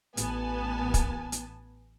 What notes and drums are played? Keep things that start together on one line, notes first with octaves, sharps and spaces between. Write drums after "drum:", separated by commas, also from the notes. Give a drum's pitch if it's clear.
A1 B3 G#5 A5, drum: hi-hat
drum: kick, hi-hat
drum: hi-hat